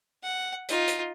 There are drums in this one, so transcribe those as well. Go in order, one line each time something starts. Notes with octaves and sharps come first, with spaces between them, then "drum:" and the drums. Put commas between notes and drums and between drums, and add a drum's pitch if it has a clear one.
F#5
D#4 F4, drum: hi-hat
drum: hi-hat